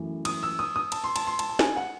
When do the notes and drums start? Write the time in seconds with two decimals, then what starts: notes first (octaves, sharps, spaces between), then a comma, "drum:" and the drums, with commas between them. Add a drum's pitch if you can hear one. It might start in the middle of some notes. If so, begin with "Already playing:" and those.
Already playing: F#2 E3 A3
0.25 D#6, drum: cymbal
0.43 E6
0.59 D#6
0.76 D#6
0.92 A5, drum: cymbal
1.04 C6
1.16 A5, drum: cymbal
1.27 C6
1.39 A5, drum: cymbal
1.49 A5
1.59 G#5, drum: snare
1.76 F#5